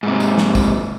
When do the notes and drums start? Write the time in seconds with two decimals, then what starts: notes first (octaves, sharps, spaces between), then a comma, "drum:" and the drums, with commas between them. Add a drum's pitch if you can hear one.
0.03 G#2 C3
0.20 drum: tambourine
0.38 drum: snare
0.55 drum: kick, tambourine